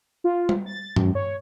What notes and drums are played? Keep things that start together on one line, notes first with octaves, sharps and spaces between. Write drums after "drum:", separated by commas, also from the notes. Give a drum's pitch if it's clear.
F4
drum: tom G3
A6
F#2, drum: tom G2
C#5